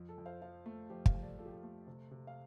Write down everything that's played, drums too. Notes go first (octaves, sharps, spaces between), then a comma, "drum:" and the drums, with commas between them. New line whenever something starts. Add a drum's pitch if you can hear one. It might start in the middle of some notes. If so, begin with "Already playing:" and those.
Already playing: F2
A4
F2
C5 F5
F3 C5 F5
A3
F2 G4 C5
C5 F5, drum: kick
F2
A4 D5
F3 A4
G4
A4
A3
C3
C3
F5